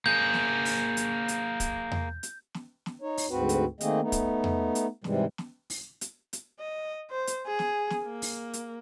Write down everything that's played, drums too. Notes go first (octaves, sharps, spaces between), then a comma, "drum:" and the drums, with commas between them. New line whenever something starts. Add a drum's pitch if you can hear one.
A#3 G#4 G6
drum: snare
drum: open hi-hat
drum: hi-hat
drum: hi-hat
drum: kick, hi-hat
drum: tom E2
drum: hi-hat
drum: snare
drum: snare
D#4 C#5
drum: open hi-hat
D2 G#2 C4 F#4 B4
drum: hi-hat
D#3 A3 A#3 C4 G#4 D#5, drum: hi-hat
A3 B3 D#4
drum: kick, hi-hat
drum: tom E2
drum: hi-hat
G#2 C3 E3 G3 G#3, drum: snare
drum: snare
drum: open hi-hat
drum: hi-hat
drum: hi-hat
D#5
C5
drum: hi-hat
G#4
drum: snare
drum: snare
A#3
drum: open hi-hat
drum: hi-hat